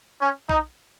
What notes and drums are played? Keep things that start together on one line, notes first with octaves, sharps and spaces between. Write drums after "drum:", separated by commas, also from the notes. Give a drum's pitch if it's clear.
C#4
D#4, drum: kick